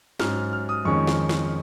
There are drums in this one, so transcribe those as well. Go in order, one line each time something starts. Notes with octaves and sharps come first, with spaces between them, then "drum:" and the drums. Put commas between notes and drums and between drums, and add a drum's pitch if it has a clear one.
G#2 F#3 C#4 F6, drum: snare
F6
F6
D#6
F2 D#3 G#3 C#4 C#6
drum: snare
drum: snare